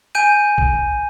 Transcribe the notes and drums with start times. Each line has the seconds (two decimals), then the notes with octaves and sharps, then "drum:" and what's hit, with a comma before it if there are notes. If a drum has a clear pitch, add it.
0.15 G#5 G6 D#7
0.58 drum: kick A1